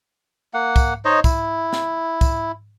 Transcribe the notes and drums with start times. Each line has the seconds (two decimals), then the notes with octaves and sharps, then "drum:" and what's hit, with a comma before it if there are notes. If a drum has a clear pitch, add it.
0.54 A#3 F#5
0.76 drum: kick, tambourine
1.05 D#4 C5 C#5 D#5
1.24 E4, drum: kick, tambourine
1.73 drum: snare
2.21 drum: kick, tambourine